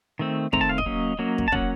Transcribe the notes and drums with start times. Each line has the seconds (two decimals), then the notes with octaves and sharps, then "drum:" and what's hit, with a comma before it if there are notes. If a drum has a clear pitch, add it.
0.19 D#3 A3 C4
0.53 D#3 A3 C4 A#5, drum: kick
0.61 A5
0.69 F5
0.78 D#5, drum: kick
0.86 F#3 A#3 C#4
1.19 F#3 A#3 C#4
1.38 drum: kick
1.48 A5
1.52 F#3 A#3 C#4 F#5, drum: kick